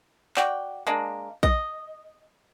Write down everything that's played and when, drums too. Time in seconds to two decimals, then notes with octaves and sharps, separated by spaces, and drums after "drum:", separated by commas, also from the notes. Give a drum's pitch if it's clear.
0.37 F#4 D5 G5, drum: clap
0.87 G#3 A#3 D4
1.43 D#5, drum: kick A#1